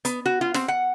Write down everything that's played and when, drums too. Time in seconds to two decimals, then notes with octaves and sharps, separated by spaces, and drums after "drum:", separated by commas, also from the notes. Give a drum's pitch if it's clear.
0.05 B3, drum: hi-hat
0.26 F#4
0.41 F4
0.54 C4, drum: snare
0.68 F#5